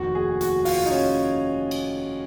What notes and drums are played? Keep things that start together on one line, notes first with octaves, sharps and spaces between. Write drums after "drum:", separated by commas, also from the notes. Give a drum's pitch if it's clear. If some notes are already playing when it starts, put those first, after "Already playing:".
Already playing: F1 D#2 D#3 F#4
G#4
F#4, drum: hi-hat
F4, drum: open hi-hat
D#4
C#4
drum: cymbal